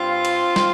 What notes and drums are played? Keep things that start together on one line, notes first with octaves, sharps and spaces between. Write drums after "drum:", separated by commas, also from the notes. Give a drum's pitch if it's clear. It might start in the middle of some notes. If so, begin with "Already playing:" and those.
Already playing: G2 C4 F4
drum: cymbal
drum: snare